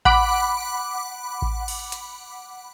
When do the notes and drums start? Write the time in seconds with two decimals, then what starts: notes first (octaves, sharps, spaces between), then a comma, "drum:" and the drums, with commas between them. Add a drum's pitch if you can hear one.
0.05 F#5 B5 D6, drum: kick A1
1.42 drum: kick A1
1.68 drum: cymbal
1.92 drum: hi-hat